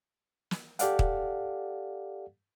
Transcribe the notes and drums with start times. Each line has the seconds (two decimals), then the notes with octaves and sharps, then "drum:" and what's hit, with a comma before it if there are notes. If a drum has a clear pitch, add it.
0.51 drum: snare
0.79 G4 A4 D5 F5 F#5, drum: hi-hat
0.99 drum: kick